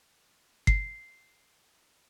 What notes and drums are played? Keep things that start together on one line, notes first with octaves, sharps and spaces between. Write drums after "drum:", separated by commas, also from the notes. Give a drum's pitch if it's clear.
C7, drum: kick G1